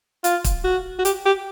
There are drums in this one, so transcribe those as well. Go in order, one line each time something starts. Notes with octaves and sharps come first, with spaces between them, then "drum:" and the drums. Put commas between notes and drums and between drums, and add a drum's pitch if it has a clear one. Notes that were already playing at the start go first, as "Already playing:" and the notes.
F4, drum: hi-hat
drum: kick, hi-hat
F#4
F#4
G4, drum: hi-hat
G4